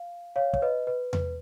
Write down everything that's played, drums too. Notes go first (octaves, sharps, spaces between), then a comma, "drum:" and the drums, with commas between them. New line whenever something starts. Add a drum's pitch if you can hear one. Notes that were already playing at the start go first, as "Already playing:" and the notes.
Already playing: F5
C#5 F5
C#5, drum: kick
B4 D#5
B4
B4, drum: tom E2